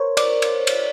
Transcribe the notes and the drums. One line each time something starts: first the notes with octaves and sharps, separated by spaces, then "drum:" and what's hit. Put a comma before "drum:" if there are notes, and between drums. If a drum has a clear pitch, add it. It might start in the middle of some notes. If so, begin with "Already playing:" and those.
Already playing: A#4 C5 C#5
D5, drum: cymbal
drum: cymbal
drum: cymbal